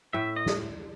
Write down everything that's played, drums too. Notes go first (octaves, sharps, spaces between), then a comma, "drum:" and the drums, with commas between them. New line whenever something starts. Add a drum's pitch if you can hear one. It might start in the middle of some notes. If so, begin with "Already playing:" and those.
A2 E5
D#5
drum: snare